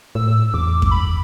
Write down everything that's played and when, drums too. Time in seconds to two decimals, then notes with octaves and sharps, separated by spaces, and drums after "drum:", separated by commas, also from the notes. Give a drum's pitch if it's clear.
0.15 A2 E6
0.54 E2 D6
0.82 drum: kick F#2
0.91 B5